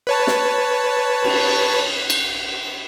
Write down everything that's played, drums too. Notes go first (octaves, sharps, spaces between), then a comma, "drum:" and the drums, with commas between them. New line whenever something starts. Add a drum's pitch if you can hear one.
B4 C#5 A5
drum: snare
drum: cymbal
drum: cymbal